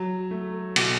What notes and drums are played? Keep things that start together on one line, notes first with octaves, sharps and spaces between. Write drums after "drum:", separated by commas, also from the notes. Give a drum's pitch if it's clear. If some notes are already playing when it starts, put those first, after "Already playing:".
Already playing: F#3
A3
B2, drum: cymbal